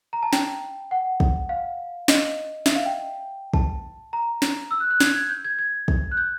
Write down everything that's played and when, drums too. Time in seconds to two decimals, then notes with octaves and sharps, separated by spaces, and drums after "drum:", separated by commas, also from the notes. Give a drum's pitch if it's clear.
0.13 A#5
0.23 A5
0.33 G5, drum: snare
0.91 F#5
1.20 drum: kick
1.49 F5
2.08 D#5, drum: snare
2.66 E5, drum: snare
2.76 F5
2.86 G5
3.54 A5, drum: kick
4.13 A#5
4.42 drum: snare
4.71 E6
4.80 F#6
4.90 F#6
5.00 G#6, drum: snare
5.16 G#6
5.30 G6
5.45 G#6
5.59 G#6
5.88 drum: kick
6.11 F#6
6.17 G6